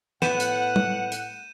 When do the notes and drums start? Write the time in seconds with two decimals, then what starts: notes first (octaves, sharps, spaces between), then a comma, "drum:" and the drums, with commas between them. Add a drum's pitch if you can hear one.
0.22 A2 B3 F#5 G6 D#7 E7, drum: snare
0.40 drum: hi-hat
0.76 drum: tom
1.12 drum: hi-hat